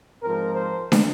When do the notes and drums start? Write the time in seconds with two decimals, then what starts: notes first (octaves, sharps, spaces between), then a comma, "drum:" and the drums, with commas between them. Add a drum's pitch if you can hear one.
0.23 G#2 F3 C4 A#4
0.55 C5
0.92 drum: snare